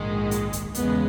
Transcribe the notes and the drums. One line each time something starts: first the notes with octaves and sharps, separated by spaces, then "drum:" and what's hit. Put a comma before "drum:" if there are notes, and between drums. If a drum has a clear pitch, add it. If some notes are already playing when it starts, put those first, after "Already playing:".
Already playing: A#1 G#2 D#3 G#3
drum: hi-hat
drum: kick C#2, hi-hat
E2 C#3 G#3 B3, drum: hi-hat